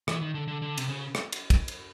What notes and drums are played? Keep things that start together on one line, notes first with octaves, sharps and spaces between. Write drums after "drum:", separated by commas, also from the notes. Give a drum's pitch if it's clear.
E3, drum: rim click
D#3
D3
D3
D3
C3, drum: cymbal
C#3
drum: rim click
drum: cymbal
drum: kick, cymbal
drum: cymbal